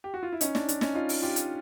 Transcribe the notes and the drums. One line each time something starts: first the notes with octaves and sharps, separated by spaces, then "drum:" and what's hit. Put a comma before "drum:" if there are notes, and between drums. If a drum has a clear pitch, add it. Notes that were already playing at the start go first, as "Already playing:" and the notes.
G4
F#4
F4
E4
C#4 D#4, drum: hi-hat
D4, drum: snare
D4, drum: hi-hat
C#4 D#4, drum: snare
D#4 F4
drum: open hi-hat
F4 G4
drum: hi-hat